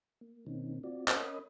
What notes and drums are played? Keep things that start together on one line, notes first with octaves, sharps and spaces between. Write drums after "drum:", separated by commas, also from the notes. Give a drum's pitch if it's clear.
A#3
B2 D#3 A#3 C4 C#4 D#4
C4 F4 F#4 D5
C#4 A#4 C#5 D#5 B5 D#6, drum: clap